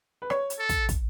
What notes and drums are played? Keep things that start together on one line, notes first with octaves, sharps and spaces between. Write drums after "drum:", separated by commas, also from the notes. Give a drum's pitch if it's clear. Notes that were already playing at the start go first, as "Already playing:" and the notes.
B4
C#5, drum: rim click
drum: hi-hat
A4
drum: kick, hi-hat
drum: kick, hi-hat